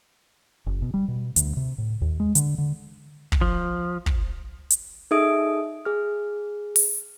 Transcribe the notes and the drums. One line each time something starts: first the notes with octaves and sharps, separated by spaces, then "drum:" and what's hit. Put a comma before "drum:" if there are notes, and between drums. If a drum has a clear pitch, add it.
F#1
B2
G3
B2
D2, drum: hi-hat
C3
A2
D#2
G#3
D3, drum: hi-hat
D3
drum: kick
F3
drum: kick
drum: hi-hat
D#4 G#4 A4 E5 D#6 D7
G#4 F6
drum: open hi-hat